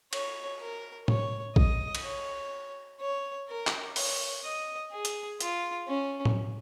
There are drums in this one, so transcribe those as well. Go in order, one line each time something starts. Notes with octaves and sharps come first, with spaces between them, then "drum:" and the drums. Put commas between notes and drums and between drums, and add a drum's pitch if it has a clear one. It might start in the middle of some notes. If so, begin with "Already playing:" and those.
C#5, drum: cymbal
A#4
C#5, drum: tom A2
D#5, drum: kick A#1
drum: cymbal
C#5
C#5
A#4
drum: clap
C#5, drum: open hi-hat
D#5
G#4
drum: hi-hat
F4, drum: hi-hat
C#4
drum: tom A2